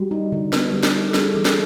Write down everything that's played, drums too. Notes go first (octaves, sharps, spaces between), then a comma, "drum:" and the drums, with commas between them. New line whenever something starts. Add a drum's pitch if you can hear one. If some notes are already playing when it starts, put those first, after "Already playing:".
Already playing: G3 F#4
D#4
D3
B3, drum: snare
G3
drum: snare
D#4
A4
G3 G#4, drum: snare
E3 A4
drum: snare